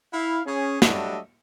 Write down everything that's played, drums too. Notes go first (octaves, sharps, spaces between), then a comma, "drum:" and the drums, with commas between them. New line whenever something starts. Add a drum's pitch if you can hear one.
E4 F5
C#4 G#4
F#3 G3 A3 D4 D#5 E5, drum: snare